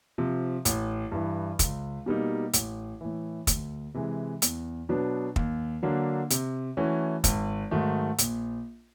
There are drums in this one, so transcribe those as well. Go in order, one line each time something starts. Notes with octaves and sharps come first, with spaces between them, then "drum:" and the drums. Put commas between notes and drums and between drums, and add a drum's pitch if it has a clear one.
C3 F3
A1, drum: hi-hat
G2 E3
C#2, drum: kick, hi-hat
B2 G3 A#3 D#4
A1, drum: hi-hat
A2 E3
D2, drum: kick, hi-hat
C3 E3 G#3
E2, drum: hi-hat
B2 F#3 B3 D4
D#2, drum: kick
D3 F#3 A#3 D4
C3, drum: hi-hat
E3 A3 C#4 F#4
G#1, drum: kick, hi-hat
G#2 D#3 F#3 A3
A#1, drum: hi-hat